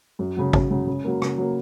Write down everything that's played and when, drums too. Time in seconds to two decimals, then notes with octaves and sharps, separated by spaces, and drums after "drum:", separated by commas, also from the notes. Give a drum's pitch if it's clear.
0.19 F#2
0.37 C#3 F#3
0.53 F#2, drum: kick
0.71 C#3 F#3
0.87 C#3
1.04 F#3 A#3
1.22 C#3, drum: rim click
1.38 F#3 A#3